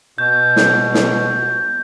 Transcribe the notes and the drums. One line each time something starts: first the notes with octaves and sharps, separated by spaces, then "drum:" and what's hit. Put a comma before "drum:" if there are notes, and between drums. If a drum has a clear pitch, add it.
B2 G6
drum: snare
drum: snare